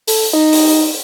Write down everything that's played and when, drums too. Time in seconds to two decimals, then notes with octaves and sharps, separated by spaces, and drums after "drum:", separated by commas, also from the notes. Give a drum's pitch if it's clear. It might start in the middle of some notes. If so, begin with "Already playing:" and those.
0.08 A4, drum: open hi-hat
0.33 D#4
0.53 drum: open hi-hat